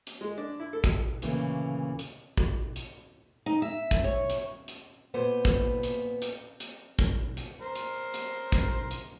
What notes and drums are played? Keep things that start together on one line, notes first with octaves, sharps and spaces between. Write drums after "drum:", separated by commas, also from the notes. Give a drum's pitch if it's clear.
drum: hi-hat
G#3
D4
E4
A4
drum: kick, hi-hat
D2 A#2 C#3 E3 A3 A#3, drum: hi-hat
drum: hi-hat
drum: kick
drum: hi-hat
D#4
E5
drum: kick, hi-hat
C#5
drum: hi-hat
drum: hi-hat
A#2 B3 C5
drum: kick, hi-hat
drum: hi-hat
drum: hi-hat
drum: hi-hat
drum: kick, hi-hat
drum: hi-hat
A#4 C5
drum: hi-hat
drum: hi-hat
drum: kick, hi-hat
drum: hi-hat